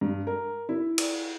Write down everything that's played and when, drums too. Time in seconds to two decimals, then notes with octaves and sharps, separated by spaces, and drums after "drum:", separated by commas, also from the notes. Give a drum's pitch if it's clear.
0.01 G2
0.27 A#4
0.69 E4
0.98 drum: cymbal